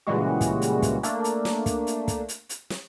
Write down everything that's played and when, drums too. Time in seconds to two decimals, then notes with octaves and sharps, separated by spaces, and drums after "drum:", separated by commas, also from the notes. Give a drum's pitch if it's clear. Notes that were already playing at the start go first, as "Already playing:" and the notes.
0.07 A#2 C#3 E3 G3 G#3 F#4
0.41 drum: kick, hi-hat
0.62 drum: hi-hat
0.82 drum: kick, hi-hat
1.03 A3 A#3 D4, drum: hi-hat
1.24 drum: hi-hat
1.45 drum: snare
1.66 drum: kick, hi-hat
1.87 drum: hi-hat
2.08 drum: kick, hi-hat
2.29 drum: hi-hat
2.49 drum: hi-hat
2.70 drum: snare